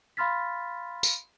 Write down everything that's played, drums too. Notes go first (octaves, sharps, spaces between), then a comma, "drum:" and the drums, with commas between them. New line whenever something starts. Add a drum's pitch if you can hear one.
F5 B5 C6 F6 A6 B6
drum: tambourine